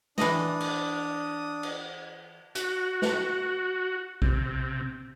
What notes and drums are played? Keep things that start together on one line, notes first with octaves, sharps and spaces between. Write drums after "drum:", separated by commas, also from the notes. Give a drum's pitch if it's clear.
E3 D4 D#5 D#6, drum: snare
drum: cymbal
drum: cymbal
F#4, drum: hi-hat
drum: snare
C3, drum: kick A#1